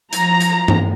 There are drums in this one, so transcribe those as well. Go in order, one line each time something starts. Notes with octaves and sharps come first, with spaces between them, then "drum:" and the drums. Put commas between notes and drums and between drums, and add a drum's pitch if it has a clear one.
F3 A#5, drum: hi-hat
drum: hi-hat
drum: tom